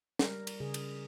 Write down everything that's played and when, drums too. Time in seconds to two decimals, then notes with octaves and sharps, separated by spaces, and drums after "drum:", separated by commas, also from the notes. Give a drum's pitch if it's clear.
0.19 G3 A#4, drum: snare
0.47 drum: cymbal
0.60 C#3 G#4
0.74 drum: cymbal